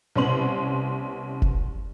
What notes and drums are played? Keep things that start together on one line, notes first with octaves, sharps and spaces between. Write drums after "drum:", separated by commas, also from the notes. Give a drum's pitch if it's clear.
C2 B3 C#4 C6 F#7
drum: kick F1